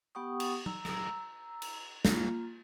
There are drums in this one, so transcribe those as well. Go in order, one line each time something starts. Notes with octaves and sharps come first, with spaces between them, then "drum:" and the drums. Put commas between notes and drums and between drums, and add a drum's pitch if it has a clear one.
B3 G4 F#5 G5 C#6 D#6
drum: cymbal
A#5 E6, drum: tom F#3
drum: rim click
drum: cymbal
A#3 F4, drum: snare